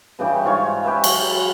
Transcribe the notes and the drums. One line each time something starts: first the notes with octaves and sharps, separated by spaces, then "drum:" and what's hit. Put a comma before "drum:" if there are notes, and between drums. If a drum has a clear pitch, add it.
G2 C#3 E3 G4
G#2 F4 C#5
C#4 G4 B4 E5
F#3, drum: cymbal